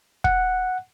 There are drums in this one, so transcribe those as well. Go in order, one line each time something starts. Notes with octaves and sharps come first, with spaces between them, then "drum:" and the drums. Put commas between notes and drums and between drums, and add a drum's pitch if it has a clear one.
F#5, drum: kick